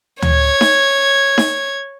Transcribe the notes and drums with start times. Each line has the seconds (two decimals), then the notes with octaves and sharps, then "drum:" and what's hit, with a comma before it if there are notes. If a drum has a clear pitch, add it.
0.22 C#5 G#6, drum: tom D2
0.61 drum: snare D#4
1.38 drum: snare D#4